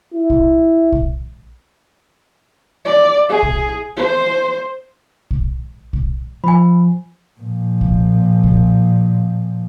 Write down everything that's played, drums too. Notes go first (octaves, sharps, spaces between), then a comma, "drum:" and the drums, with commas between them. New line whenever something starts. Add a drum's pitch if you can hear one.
E4
drum: kick
drum: kick
D5
G#4
drum: kick
C5
drum: kick
drum: kick
F3 G#5 B5
A#2 F3
drum: kick
drum: kick